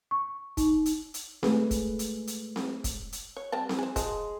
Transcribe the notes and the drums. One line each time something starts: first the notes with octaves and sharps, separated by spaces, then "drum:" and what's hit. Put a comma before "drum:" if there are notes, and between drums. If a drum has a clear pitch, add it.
C#6
D#4, drum: kick, hi-hat
drum: hi-hat
drum: hi-hat
G#3 A3 G#4 B4, drum: snare C4
drum: kick, hi-hat
drum: hi-hat
drum: hi-hat
drum: snare C4
drum: kick, hi-hat
drum: hi-hat
C#5
G3 C4 A5
drum: snare C4
G#4 C5
F3 G#3, drum: kick, hi-hat